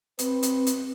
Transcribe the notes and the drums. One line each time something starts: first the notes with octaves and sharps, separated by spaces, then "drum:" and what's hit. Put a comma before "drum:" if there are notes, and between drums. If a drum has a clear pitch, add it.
C4 B4, drum: hi-hat
drum: hi-hat
drum: hi-hat